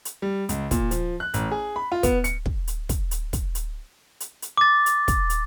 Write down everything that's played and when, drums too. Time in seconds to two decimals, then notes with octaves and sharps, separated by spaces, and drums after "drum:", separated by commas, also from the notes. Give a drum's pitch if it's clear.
0.05 drum: hi-hat
0.22 G3
0.49 C#2, drum: hi-hat
0.71 A#2, drum: kick, hi-hat
0.91 F3, drum: hi-hat
1.20 F#6
1.34 A1, drum: hi-hat
1.51 G#4
1.76 B5
1.92 F4
2.03 B3, drum: kick, hi-hat
2.24 C#7, drum: hi-hat
2.46 drum: kick
2.67 drum: hi-hat
2.89 drum: kick, hi-hat
3.11 drum: hi-hat
3.33 drum: kick, hi-hat
3.55 drum: hi-hat
4.20 drum: hi-hat
4.42 drum: hi-hat
4.57 D6 A6
4.86 drum: hi-hat
5.08 drum: kick, hi-hat
5.30 drum: hi-hat